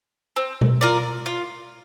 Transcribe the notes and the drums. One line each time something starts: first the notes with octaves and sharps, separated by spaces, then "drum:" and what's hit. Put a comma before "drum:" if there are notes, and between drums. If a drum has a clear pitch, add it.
C4
drum: tom B2
F4 A#4 D5
F4